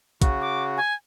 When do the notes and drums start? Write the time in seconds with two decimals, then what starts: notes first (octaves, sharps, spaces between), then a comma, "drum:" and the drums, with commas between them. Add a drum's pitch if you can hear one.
0.22 C#3 F#4, drum: kick, hi-hat
0.41 D6
0.77 G#5